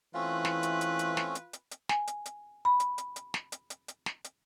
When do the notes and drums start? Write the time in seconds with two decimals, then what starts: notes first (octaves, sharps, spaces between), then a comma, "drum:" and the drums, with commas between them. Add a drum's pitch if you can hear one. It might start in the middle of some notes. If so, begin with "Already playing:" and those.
0.14 E3 A3 C4 C#4 F4 B4
0.45 drum: snare
0.63 drum: hi-hat
0.81 drum: hi-hat
0.99 drum: hi-hat
1.17 drum: snare
1.35 drum: hi-hat
1.53 drum: hi-hat
1.71 drum: hi-hat
1.89 G#5, drum: snare
2.07 drum: hi-hat
2.26 drum: hi-hat
2.65 B5
2.80 drum: hi-hat
2.98 drum: hi-hat
3.16 drum: hi-hat
3.34 drum: snare
3.52 drum: hi-hat
3.70 drum: hi-hat
3.88 drum: hi-hat
4.06 drum: snare
4.24 drum: hi-hat